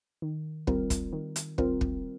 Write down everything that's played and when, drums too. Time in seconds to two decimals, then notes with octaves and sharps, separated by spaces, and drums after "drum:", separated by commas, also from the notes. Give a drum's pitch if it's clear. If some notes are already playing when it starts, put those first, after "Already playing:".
0.22 D#3
0.67 G3 C4 F4 A#4, drum: kick
0.90 drum: kick, hi-hat
1.13 D#3
1.36 drum: hi-hat
1.58 G3 C4 F4 A#4, drum: kick
1.81 drum: kick